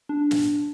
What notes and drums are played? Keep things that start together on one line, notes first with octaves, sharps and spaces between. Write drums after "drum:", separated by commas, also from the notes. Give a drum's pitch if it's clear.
D4
drum: snare